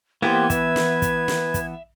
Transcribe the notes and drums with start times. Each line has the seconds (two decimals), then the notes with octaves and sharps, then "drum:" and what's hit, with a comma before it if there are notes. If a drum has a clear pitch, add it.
0.22 E3 A#3 B3 G4 C5 G#6
0.50 B4 E5, drum: kick, hi-hat
0.76 drum: snare
1.02 drum: kick, hi-hat
1.28 drum: snare
1.54 drum: kick, hi-hat